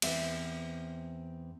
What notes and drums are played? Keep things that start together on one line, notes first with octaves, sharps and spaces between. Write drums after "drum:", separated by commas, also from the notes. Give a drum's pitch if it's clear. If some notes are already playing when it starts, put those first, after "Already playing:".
E2 C4 E5, drum: cymbal